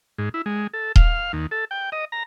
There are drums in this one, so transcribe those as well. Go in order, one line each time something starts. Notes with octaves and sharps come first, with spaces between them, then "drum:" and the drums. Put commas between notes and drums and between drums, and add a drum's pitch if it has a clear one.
G#2
E4
G#3
A4
F5, drum: kick D#1
D#2
A4
G5
D#5
A#5